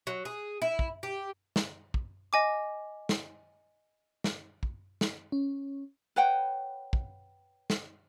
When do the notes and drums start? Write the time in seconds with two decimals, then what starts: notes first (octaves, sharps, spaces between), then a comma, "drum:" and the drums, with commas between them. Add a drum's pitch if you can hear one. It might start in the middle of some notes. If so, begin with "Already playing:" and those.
0.07 F#3
0.25 G#4
0.62 E4
0.79 drum: kick
1.03 G4
1.56 drum: snare
1.94 drum: kick
2.33 D#5 G#5 D6
3.09 drum: snare
4.24 drum: snare
4.63 drum: kick
5.01 drum: snare
5.32 C#4
6.16 B4 C#5 F#5 G5
6.93 drum: kick
7.70 drum: snare